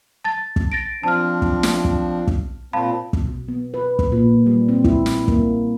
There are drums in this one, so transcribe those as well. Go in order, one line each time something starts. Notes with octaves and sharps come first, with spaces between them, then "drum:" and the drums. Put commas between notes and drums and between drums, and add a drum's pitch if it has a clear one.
A5 A6
drum: kick
A6 A#6 D7
F3 C4 D4 A5 F6
drum: kick
drum: snare
drum: kick
drum: kick
A#2 C4 F5 A5 B5
drum: kick
B2
B3
B4
drum: kick
A#2
G3
C4
E4, drum: kick
drum: snare
A#3, drum: kick